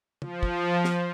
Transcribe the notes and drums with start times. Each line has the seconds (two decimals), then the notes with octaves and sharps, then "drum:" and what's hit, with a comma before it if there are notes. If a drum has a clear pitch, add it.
0.22 F3, drum: tom
0.43 drum: kick
0.85 drum: snare